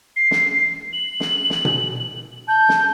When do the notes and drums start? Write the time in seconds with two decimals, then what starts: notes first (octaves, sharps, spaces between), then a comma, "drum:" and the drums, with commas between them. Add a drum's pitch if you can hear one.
0.16 C7
0.31 drum: snare
0.93 F#7
1.20 drum: snare
1.50 drum: snare
1.65 drum: tom B2
2.48 A5 G6
2.69 drum: snare